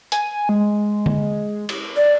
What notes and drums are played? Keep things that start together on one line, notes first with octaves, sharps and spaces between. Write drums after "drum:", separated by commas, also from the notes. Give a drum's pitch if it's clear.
G#5, drum: hi-hat
G#3
drum: tom D3
drum: cymbal
D5